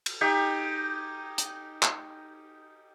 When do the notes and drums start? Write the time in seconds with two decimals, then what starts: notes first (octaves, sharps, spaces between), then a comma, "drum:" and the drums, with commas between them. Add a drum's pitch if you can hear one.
0.06 drum: cymbal
0.21 D#4 G4 G#5
1.38 drum: hi-hat
1.82 drum: clap